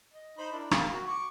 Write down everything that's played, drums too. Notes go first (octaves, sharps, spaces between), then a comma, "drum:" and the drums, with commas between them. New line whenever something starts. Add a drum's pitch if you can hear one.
D#5
D#4 C5 B5
D4 E4 A#4
D#3 A#4 F5, drum: rim click
F#4
C#6 D6